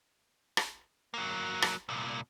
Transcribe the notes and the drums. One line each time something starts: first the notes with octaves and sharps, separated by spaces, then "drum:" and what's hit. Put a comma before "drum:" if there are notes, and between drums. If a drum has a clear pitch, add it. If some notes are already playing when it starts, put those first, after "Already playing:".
drum: rim click
F#3 A#3
drum: rim click
C2 A#2